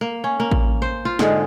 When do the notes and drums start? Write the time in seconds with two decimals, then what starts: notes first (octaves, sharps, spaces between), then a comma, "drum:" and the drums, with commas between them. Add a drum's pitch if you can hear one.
0.01 A#3
0.24 C#4
0.40 A#3
0.51 drum: kick A1
0.82 C5
1.05 F4
1.19 G#2 D3 G#3, drum: snare